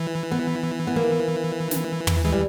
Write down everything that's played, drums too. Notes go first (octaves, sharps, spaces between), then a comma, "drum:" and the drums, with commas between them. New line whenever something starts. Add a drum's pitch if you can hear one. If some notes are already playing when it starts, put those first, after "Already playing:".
Already playing: E3
B3
B3
A#3
drum: snare
drum: tom
E3 G#3
G3